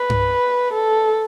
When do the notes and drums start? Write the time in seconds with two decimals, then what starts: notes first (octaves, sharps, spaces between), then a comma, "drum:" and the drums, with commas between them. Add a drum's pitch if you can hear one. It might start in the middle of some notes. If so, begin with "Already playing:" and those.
Already playing: B4
0.10 drum: tom G2
0.73 A4